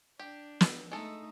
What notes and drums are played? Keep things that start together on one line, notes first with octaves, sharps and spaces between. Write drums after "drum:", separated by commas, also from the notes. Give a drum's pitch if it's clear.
D4 G4
drum: snare
G#3 A3 D#4 A4